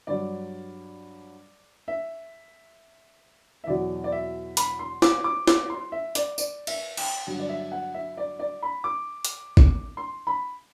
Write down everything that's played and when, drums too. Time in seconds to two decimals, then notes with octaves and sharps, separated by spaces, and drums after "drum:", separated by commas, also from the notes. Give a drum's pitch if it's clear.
0.07 G2 F#3 D5
1.88 E5
3.64 E5
3.67 E2 B2 F#3 D5
4.04 D5
4.12 E5
4.57 B5, drum: hi-hat
4.79 C6
5.02 D6, drum: snare
5.24 D6
5.48 D6, drum: snare
5.70 C6
5.92 E5
6.15 D5, drum: hi-hat
6.38 D5, drum: tambourine
6.67 E5, drum: cymbal
6.97 G5, drum: cymbal
7.27 G2 D3 F#3
7.40 D5
7.49 E5
7.72 F#5
7.94 E5
8.17 D5
8.39 D5
8.62 B5
8.84 D6
9.25 drum: hi-hat
9.57 drum: kick G#1
9.97 C6
10.27 B5